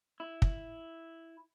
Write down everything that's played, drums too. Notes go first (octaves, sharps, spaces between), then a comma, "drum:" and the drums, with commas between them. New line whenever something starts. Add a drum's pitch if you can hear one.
E4
drum: kick